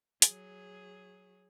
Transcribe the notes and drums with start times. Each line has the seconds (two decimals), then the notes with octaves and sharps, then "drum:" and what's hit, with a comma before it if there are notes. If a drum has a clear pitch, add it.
0.22 F#3 G#4, drum: hi-hat